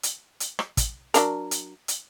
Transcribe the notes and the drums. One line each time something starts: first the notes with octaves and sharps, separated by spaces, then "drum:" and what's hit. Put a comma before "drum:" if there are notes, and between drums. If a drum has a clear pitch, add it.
drum: hi-hat
drum: hi-hat
drum: rim click
drum: kick, hi-hat
F#3 D4 A#4, drum: hi-hat
drum: hi-hat
drum: hi-hat